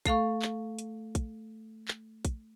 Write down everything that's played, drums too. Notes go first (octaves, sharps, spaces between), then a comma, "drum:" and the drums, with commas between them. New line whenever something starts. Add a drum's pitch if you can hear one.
A3 A4 F5 C#6, drum: kick, hi-hat
drum: clap
drum: hi-hat
drum: kick, hi-hat
drum: clap
drum: kick, hi-hat